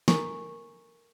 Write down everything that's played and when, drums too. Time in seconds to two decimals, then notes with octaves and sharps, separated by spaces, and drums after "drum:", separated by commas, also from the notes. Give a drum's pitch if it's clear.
0.08 A4 A#4 G#5 A#5 C#6, drum: snare